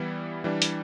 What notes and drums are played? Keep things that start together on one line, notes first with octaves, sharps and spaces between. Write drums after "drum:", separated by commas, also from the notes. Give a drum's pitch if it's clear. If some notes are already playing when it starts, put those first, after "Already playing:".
Already playing: E3 G3 B3 E4
E3 G3 D4
drum: hi-hat